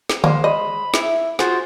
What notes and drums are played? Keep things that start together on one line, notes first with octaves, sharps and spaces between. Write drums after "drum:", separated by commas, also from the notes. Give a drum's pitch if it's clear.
drum: snare
G#3 A#3 C5, drum: tom D3
D#5 B5
E4 E5, drum: snare
F4 F#4 G#4 C5, drum: snare